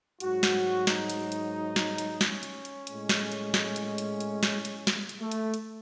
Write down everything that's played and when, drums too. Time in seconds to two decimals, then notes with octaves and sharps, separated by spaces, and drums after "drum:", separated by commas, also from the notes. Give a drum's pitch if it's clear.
0.20 G#2 F#3 F#4, drum: hi-hat
0.43 drum: snare
0.87 D#4, drum: snare
1.10 drum: hi-hat
1.32 drum: hi-hat
1.76 drum: snare
1.98 drum: hi-hat
2.21 C#4, drum: snare
2.43 drum: hi-hat
2.65 drum: hi-hat
2.87 A2 G#3, drum: hi-hat
3.09 drum: snare
3.32 drum: hi-hat
3.54 drum: snare
3.76 drum: hi-hat
3.98 drum: hi-hat
4.20 drum: hi-hat
4.43 drum: snare
4.65 drum: hi-hat
4.87 drum: snare
5.09 drum: hi-hat
5.20 A3
5.32 drum: hi-hat
5.54 drum: hi-hat